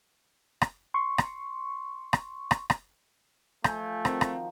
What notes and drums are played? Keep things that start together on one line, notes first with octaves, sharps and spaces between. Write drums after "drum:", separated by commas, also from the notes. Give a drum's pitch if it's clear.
drum: rim click
C6 C#6
drum: rim click
drum: rim click
drum: rim click
drum: rim click
F3 A3 G#5 G6, drum: rim click
D#3 F3 C4 F#4, drum: rim click
drum: rim click